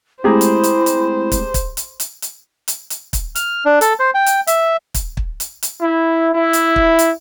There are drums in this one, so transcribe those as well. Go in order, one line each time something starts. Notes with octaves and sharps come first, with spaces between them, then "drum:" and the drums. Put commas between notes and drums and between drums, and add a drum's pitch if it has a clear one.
G#3 A3 C4 E4 G4 G#4 C5 A#5
drum: hi-hat
drum: hi-hat
drum: hi-hat
drum: kick, hi-hat
drum: kick, hi-hat
drum: hi-hat
drum: hi-hat
drum: hi-hat
drum: hi-hat
drum: hi-hat
drum: kick, hi-hat
F6, drum: hi-hat
D4
A4, drum: hi-hat
C5
G5
drum: hi-hat
E5, drum: hi-hat
drum: kick, hi-hat
drum: kick
drum: hi-hat
drum: hi-hat
E4
E4
drum: hi-hat
drum: kick
drum: hi-hat